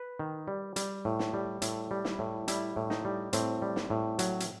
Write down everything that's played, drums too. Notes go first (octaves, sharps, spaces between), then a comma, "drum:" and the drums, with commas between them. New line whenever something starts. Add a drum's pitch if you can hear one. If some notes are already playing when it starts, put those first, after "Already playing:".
Already playing: B4
D#3
G3
G3, drum: hi-hat
A2
drum: snare
G3
A2 A4, drum: hi-hat
G3
E4, drum: snare
A2
G3 E4, drum: hi-hat
A2
D#4, drum: snare
G3
A2 C4, drum: hi-hat
G3
drum: snare
A2
F#3, drum: hi-hat
drum: hi-hat